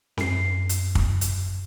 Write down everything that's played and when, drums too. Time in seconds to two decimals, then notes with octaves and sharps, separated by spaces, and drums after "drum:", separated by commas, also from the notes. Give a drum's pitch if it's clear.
0.17 F#2 C7, drum: snare C4
0.69 drum: hi-hat
0.95 drum: kick
1.21 drum: hi-hat